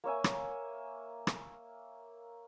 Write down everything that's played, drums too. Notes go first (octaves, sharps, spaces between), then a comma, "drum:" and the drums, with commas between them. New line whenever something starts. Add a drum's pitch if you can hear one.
A#3 C#5 E5 G#5
drum: rim click
drum: rim click